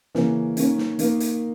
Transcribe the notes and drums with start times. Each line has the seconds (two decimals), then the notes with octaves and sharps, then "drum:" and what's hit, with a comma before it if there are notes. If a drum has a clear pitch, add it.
0.15 C#3 E3 A#3 C#4, drum: snare
0.57 D#3 A#3 C#4, drum: hi-hat
0.78 drum: snare
0.99 D#3 A#3 D#4 A#4, drum: hi-hat
1.20 drum: hi-hat